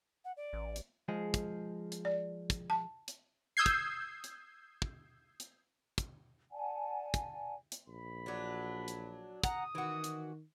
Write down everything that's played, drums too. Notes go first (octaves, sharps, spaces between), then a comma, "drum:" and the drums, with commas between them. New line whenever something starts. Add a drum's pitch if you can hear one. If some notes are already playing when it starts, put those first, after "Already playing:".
F#5
D5
A1
drum: hi-hat
F3 G#3 G#4
drum: kick, hi-hat
drum: hi-hat
D5
drum: kick, hi-hat
A5
drum: hi-hat
D#6 E6 G6 G#6 C7
drum: kick, hi-hat
drum: hi-hat
drum: kick
drum: hi-hat
drum: kick, hi-hat
D5 F#5 G#5 A5
drum: kick, hi-hat
drum: hi-hat
A#1 B5
F#3 D4
drum: hi-hat
F#5 A#5 D#6, drum: kick, hi-hat
D#3 E3 F#4
drum: hi-hat